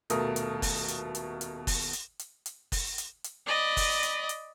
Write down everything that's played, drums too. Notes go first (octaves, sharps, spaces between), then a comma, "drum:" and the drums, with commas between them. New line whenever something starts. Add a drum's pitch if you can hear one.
D#1 B2 A3 A#4 D#6, drum: hi-hat
drum: hi-hat
drum: kick F#1, open hi-hat
drum: hi-hat
drum: hi-hat
drum: hi-hat
drum: kick F#1, open hi-hat
drum: hi-hat
drum: hi-hat
drum: hi-hat
drum: kick F#1, open hi-hat
drum: hi-hat
drum: hi-hat
D5 D#5 B5
drum: kick F#1, open hi-hat
drum: hi-hat
drum: hi-hat